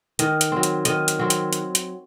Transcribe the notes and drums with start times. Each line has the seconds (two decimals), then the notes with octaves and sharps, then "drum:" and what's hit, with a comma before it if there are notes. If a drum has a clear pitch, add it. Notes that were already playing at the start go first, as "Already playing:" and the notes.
0.19 D#3 D#5, drum: hi-hat
0.41 drum: hi-hat
0.52 F#3 C4
0.63 drum: hi-hat
0.85 D#3 D#5, drum: hi-hat
1.08 drum: hi-hat
1.19 F#3 C4
1.30 drum: hi-hat
1.53 drum: hi-hat
1.75 drum: hi-hat